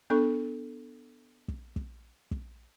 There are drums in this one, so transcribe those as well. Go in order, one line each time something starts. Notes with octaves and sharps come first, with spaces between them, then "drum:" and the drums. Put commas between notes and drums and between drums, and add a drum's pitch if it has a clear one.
B3 D4 A4 C#6
drum: kick
drum: kick
drum: kick